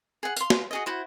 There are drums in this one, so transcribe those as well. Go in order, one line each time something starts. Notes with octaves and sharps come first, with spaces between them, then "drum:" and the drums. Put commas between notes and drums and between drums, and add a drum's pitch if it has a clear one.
G#4 F#5
F5 C6, drum: tambourine
drum: snare
F#4 G#4 D#5
E4 F#4 C5